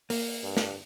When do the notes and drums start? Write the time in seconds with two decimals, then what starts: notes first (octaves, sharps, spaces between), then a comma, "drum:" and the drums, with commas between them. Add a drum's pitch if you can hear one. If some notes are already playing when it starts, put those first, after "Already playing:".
0.10 A#3, drum: open hi-hat
0.43 G2
0.57 drum: snare